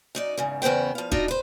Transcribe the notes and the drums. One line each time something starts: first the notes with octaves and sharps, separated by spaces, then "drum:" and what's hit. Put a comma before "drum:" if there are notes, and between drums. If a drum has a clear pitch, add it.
F#2 D#4 D5
E2 G#2 C#3
E2 C#3 B3 C5 G5
F3 F5
D4 D#4 F4 F#4 D#5, drum: kick D#1
B4 C5